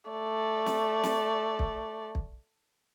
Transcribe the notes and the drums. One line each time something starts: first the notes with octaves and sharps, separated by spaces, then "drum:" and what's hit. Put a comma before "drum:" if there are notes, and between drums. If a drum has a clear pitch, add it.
A3 D5
drum: snare
drum: snare
drum: kick
drum: kick